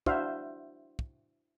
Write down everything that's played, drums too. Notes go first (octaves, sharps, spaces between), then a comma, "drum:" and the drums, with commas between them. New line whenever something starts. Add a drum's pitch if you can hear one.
D4 E4 F#4 C5 E5 F5, drum: kick
drum: kick